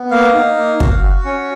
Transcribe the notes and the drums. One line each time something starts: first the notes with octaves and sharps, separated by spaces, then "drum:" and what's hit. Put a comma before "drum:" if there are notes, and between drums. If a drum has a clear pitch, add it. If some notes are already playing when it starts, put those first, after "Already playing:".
Already playing: B3
A#3 F5
D#4
A#3
F#4, drum: kick
F#4
C#4